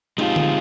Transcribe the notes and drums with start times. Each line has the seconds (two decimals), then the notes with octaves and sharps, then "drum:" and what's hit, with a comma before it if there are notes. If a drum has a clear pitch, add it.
0.18 G#3 C4 D#4 F4 G4
0.36 drum: tom D3